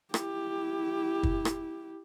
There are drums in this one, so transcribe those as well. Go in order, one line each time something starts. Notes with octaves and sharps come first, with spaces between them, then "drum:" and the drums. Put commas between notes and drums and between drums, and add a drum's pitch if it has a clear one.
E4 G4, drum: rim click
drum: kick
drum: rim click